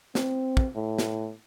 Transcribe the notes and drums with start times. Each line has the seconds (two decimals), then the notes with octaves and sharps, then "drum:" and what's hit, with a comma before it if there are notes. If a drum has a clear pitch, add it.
0.15 C4, drum: snare
0.57 drum: kick
0.75 A2
0.98 drum: snare